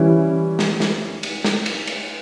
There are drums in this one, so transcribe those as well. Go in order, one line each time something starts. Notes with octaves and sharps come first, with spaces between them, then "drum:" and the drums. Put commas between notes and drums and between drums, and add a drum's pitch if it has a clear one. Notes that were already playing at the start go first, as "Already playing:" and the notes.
Already playing: E3 G3 C#4 E4
drum: snare
drum: snare
drum: cymbal
drum: snare
drum: cymbal
drum: cymbal